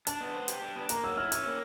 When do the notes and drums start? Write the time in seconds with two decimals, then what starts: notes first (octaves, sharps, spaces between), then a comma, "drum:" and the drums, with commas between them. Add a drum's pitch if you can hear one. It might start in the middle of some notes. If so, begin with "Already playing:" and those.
0.07 D4 A5, drum: hi-hat
0.21 B3
0.34 C5
0.48 G4, drum: hi-hat
0.62 D4
0.76 B3
0.89 A#3 A#5, drum: hi-hat
1.04 F#3 E6
1.17 E4 F6
1.32 C#4 E6, drum: hi-hat
1.46 A#3